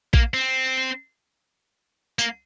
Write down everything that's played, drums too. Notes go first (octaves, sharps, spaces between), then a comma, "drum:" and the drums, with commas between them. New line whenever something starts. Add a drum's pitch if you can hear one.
A#3, drum: kick A#1
C4
A#3, drum: tambourine